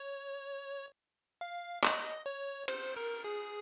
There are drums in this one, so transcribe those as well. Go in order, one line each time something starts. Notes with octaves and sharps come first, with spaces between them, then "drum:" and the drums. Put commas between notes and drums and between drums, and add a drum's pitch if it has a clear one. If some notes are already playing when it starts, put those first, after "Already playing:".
Already playing: C#5
F5
D#5, drum: clap
C#5
C5, drum: cymbal
A#4
G#4